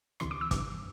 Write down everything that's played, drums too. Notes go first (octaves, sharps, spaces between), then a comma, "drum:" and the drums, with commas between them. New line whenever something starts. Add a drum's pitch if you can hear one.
D2 C3 E3 C6, drum: rim click
D6
E6
G1 G2 E3 D6, drum: kick, hi-hat